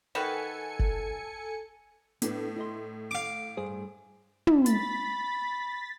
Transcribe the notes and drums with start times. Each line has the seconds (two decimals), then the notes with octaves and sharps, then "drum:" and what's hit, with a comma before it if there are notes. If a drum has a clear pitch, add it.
0.15 D#3 F#4 A4 B4 G#5 C#7
0.80 drum: kick F#1
2.22 A2 B3 D4 B4, drum: hi-hat
2.56 E4 D#5 C6
3.11 F5 D6
3.57 G2 G#4 C5
4.47 drum: tom
4.66 B5 A6 B6, drum: hi-hat